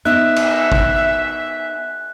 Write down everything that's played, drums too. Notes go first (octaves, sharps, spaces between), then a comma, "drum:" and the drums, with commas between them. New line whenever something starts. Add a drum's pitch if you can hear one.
B3 D#4 E5 F#6
drum: cymbal
drum: kick